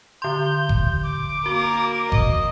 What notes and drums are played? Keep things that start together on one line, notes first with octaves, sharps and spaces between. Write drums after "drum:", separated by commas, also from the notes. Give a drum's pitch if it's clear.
D3 C6 G6
drum: kick F#1
D6
A#3 F#4 A#4
D#5 D#6, drum: kick F#1